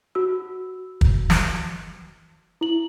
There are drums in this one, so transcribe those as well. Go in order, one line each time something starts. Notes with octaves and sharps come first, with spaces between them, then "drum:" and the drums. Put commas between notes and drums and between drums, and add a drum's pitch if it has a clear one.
F#4 E6
drum: kick
drum: snare
E4 F#7